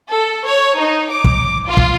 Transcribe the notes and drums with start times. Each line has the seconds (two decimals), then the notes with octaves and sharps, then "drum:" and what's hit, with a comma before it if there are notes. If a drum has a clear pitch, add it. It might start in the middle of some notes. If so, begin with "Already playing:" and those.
0.11 A4
0.46 C#5
0.78 D#4
1.11 D6
1.25 drum: kick
1.68 F4
1.77 drum: kick